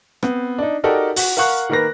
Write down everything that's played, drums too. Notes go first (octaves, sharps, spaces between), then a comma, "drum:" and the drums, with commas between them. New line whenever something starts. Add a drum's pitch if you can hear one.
B3 C4, drum: rim click
D4 D#4
D#4 F#4 G4 A4 A#4 D5
F#4, drum: open hi-hat
A#4 F5 F#5 C#6 F#6
D#3 A#3 A#4 B4 A#6